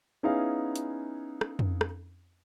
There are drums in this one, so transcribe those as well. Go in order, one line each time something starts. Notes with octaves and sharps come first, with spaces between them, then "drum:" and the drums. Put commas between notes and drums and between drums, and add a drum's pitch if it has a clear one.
B3 C#4 D#4 E4 G#4 F5
drum: hi-hat
drum: rim click
drum: tom F2
drum: rim click